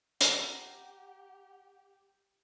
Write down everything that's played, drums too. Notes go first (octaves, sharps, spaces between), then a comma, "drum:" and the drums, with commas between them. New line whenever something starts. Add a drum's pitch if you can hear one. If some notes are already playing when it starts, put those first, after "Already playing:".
G4 F#5 A#5, drum: hi-hat